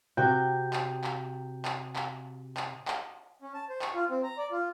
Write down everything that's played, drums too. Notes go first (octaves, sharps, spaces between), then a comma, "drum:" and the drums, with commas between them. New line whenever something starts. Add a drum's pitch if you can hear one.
C3 F#4 G5 G6 A#6
drum: clap
drum: clap
drum: clap
drum: clap
drum: clap
drum: clap
C#4
A5
C5
C#6, drum: clap
F4
C4
A#5
D5
F4